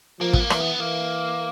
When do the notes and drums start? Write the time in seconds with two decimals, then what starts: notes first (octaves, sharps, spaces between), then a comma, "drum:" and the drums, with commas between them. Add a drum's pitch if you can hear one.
0.20 F3 A#3
0.33 B3, drum: kick
0.40 A#3
0.50 E3, drum: rim click
0.60 B3
0.79 E3 A#3